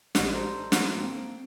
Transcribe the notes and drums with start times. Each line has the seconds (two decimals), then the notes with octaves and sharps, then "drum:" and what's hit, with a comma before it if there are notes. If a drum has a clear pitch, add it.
0.15 A1 G#3 G4 D5 D#5, drum: snare
0.33 A4 C5 A#5
0.72 drum: snare
0.96 A#3 C4